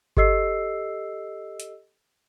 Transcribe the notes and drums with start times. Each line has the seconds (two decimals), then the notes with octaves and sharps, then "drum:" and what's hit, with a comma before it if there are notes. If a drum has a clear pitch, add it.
0.17 G4 A4 D#5 E6 C7, drum: kick G1
1.60 drum: hi-hat